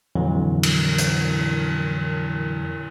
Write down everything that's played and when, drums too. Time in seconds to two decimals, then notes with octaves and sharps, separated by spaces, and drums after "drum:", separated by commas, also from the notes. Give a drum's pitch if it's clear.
0.15 F2 A#2 D3 E3 F#3
0.63 drum: cymbal
0.98 drum: hi-hat